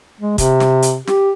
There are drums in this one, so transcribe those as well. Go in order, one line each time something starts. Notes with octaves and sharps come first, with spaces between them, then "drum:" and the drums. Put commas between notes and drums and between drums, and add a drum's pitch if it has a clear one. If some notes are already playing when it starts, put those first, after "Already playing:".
G#3
C3, drum: kick, hi-hat
drum: snare
drum: hi-hat
G4, drum: snare